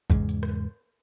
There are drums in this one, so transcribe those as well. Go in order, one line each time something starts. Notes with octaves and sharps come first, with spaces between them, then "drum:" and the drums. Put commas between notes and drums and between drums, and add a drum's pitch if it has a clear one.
E2 G#2 C#3 G#3, drum: kick
drum: hi-hat
drum: rim click